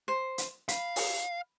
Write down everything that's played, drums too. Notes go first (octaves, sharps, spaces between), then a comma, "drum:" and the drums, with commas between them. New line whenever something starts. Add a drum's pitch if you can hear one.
C5
drum: hi-hat
F5 B5, drum: hi-hat
drum: open hi-hat